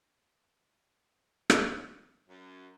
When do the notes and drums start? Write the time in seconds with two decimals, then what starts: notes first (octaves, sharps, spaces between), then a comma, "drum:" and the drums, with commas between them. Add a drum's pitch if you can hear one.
1.50 drum: rim click
2.28 F#2